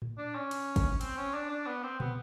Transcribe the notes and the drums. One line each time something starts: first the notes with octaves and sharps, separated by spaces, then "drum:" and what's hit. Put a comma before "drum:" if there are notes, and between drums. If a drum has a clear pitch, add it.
drum: tom A2
D4
C#4
drum: cymbal
drum: kick G1, cymbal
C4, drum: cymbal
C#4
D4
D4
B3
C4
B3, drum: tom